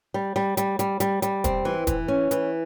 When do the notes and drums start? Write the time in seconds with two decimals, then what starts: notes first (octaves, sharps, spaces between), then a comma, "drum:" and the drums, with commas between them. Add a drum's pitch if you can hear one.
0.14 G3
0.36 G3
0.57 G3, drum: hi-hat
0.79 G3, drum: hi-hat
1.00 G3, drum: hi-hat
1.22 G3, drum: hi-hat
1.44 C4, drum: kick E1, hi-hat
1.65 E3
1.87 E3, drum: kick E1, hi-hat
2.08 C#4
2.31 E3, drum: hi-hat